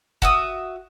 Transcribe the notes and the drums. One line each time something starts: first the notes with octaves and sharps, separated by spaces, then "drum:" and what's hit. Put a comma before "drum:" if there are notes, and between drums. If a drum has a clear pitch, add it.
F#4 E5 D#6, drum: kick